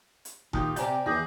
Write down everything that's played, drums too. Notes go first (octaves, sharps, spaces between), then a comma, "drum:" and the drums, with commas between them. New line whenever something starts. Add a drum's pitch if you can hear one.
drum: hi-hat
A#2 D#3 D#4 G4 G5, drum: kick F1
C3 G4 D5 G5 G#5 A#5, drum: hi-hat
E2 G#4 D6 D#6 G6 A#6